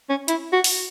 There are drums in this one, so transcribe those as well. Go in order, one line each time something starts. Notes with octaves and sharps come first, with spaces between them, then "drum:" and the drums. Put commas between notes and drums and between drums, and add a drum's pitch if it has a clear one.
C#4
E4, drum: hi-hat
F#4
drum: open hi-hat